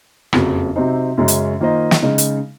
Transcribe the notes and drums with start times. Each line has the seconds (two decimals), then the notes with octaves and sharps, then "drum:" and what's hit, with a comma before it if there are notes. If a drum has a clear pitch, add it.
0.33 F#1 F2 C#3 F#3, drum: rim click
0.76 C3 F#3 C4 D#4
1.17 F#2 C#3 G#3 C#4
1.28 drum: hi-hat
1.60 D#3 A#3 F4 C5 D#5
1.91 drum: snare
2.03 C#3 G#3 D#4
2.18 drum: hi-hat